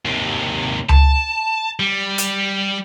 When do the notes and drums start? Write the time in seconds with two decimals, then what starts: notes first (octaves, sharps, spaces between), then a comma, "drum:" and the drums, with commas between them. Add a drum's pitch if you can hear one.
0.05 D#2 C3
0.89 A5, drum: tom C#2
1.80 G3
2.18 drum: hi-hat